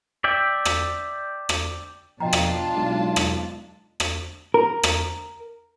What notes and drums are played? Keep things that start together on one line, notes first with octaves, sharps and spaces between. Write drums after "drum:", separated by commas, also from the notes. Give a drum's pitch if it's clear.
D5 E5 G5
drum: rim click
drum: rim click
B2 F3 D4 F4 D#5 G5 A5 A#5
drum: rim click
B1 G#3
drum: rim click
drum: rim click
A#4
drum: rim click